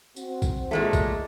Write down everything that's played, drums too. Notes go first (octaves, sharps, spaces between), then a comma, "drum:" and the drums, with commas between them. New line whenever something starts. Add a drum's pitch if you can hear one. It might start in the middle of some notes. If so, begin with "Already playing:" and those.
C4 F#4, drum: tambourine
drum: kick A#1, tambourine
A#2 G#3 A3
drum: kick A#1, tambourine